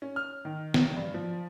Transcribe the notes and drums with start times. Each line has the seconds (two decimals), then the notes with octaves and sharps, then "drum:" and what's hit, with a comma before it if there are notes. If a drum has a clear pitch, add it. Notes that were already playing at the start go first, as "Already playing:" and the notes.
0.02 C#4
0.16 F6
0.45 D#3
0.74 drum: snare
0.96 G2
1.14 F3